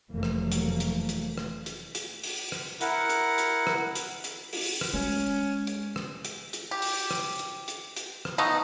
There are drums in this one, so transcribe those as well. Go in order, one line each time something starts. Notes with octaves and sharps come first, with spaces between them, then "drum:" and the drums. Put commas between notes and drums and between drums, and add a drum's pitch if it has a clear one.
F1 E3 F#3 A3 A#3
drum: rim click
drum: hi-hat
drum: hi-hat
drum: hi-hat
drum: rim click
drum: hi-hat
drum: hi-hat
drum: open hi-hat
drum: rim click
E4 A#4 F#5, drum: hi-hat
drum: hi-hat
drum: hi-hat
drum: rim click
drum: hi-hat
drum: hi-hat
drum: open hi-hat
drum: rim click
G#3 C#4
drum: hi-hat
drum: rim click
drum: hi-hat
drum: hi-hat
G4
drum: open hi-hat
drum: rim click
drum: hi-hat
drum: hi-hat
drum: hi-hat
drum: rim click
A3 B3 D#4